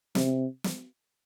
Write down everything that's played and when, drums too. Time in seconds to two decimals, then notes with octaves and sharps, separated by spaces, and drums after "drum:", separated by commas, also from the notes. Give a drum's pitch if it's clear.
0.15 C3, drum: snare
0.64 drum: snare